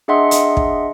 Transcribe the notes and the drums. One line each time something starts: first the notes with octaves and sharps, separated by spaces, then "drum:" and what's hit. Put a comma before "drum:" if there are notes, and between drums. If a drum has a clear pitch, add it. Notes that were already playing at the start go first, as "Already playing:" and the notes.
D4 G#4 D#5 E5 F#5 C6
drum: hi-hat
drum: kick